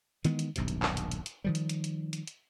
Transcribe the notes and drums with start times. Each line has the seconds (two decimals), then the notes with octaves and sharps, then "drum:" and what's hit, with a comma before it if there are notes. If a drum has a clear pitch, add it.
0.25 D#3 E3 G#3 B3, drum: hi-hat
0.39 drum: hi-hat
0.56 D#1 B1 G2 C3, drum: hi-hat
0.68 drum: hi-hat
0.82 drum: clap
0.97 drum: hi-hat
1.11 drum: hi-hat
1.26 drum: hi-hat
1.44 D#3 F3 G3
1.55 drum: hi-hat
1.69 drum: hi-hat
1.84 drum: hi-hat
2.13 drum: hi-hat
2.27 drum: hi-hat